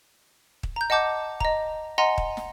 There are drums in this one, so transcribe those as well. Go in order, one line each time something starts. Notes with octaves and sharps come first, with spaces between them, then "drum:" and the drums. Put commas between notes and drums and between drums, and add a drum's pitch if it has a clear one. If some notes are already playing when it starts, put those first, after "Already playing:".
drum: kick
A#5 G6
D#5 F#5 A5 D6 G6
D#5 A#5, drum: kick
D#5 F#5 G#5 A#5 C6
drum: kick
drum: snare